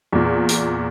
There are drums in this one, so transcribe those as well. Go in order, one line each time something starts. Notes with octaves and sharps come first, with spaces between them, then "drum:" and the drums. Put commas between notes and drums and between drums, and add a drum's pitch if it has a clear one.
E2 A#2
drum: hi-hat